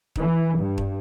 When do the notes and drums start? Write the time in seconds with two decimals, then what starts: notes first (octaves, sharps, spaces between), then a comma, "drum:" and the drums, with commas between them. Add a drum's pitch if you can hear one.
0.16 E3, drum: kick
0.58 G2
0.78 drum: kick